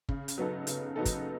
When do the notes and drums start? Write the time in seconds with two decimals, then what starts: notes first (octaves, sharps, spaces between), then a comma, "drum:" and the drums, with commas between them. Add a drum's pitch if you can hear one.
0.09 C#3, drum: kick
0.28 drum: hi-hat
0.38 F#3 B3 D#4 A4
0.67 C#3, drum: hi-hat
0.96 F#3 B3 D#4 A4
1.05 drum: kick, hi-hat